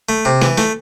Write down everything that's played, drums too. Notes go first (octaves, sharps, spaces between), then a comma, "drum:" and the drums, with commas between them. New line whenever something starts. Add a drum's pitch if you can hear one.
A3
C3
E3, drum: snare
A3, drum: snare